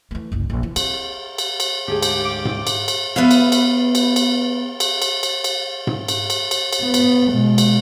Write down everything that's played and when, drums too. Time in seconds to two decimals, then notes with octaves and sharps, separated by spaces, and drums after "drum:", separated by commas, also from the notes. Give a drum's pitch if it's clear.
0.11 E3 A3
0.32 F#1 C2
0.50 A#1 G2
0.63 E3
0.76 C4, drum: cymbal
1.38 drum: cymbal
1.60 drum: cymbal
1.88 D2 G#2 D4 G4 G#4 G5
2.03 drum: cymbal
2.25 D6
2.45 drum: tom G#2
2.67 drum: cymbal
2.88 drum: cymbal
3.16 B3 B4 E5 F5
3.31 drum: cymbal
3.52 drum: cymbal
3.95 drum: cymbal
4.16 drum: cymbal
4.80 drum: cymbal
5.02 drum: cymbal
5.23 drum: cymbal
5.44 drum: cymbal
5.87 drum: tom G#2
6.08 drum: cymbal
6.30 drum: cymbal
6.51 drum: cymbal
6.73 drum: cymbal
6.82 B3
6.94 drum: cymbal
7.30 B2 G#3
7.58 drum: cymbal